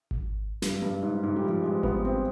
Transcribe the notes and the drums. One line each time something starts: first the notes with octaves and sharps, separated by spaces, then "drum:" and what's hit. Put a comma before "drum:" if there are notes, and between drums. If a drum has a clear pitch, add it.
drum: kick G#1
G2, drum: snare
G2
G#2
G#2
G3
F3
G#3
B3, drum: kick G#1
C4